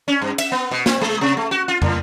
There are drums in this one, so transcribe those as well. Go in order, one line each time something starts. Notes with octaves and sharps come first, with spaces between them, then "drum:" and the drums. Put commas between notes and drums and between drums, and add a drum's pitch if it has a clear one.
C#4
G2
E5, drum: cymbal
B3
B2
C4, drum: snare
G#3
C3
A3
F#4
F4
A2, drum: tom